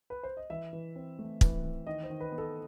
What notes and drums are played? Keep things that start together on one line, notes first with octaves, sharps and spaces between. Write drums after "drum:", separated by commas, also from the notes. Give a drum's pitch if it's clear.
B4
C5
D#5
E3 E5
E3
C4
A3
E3, drum: kick
E3
D#3 D#5
C5
D#3
B4
B3
A4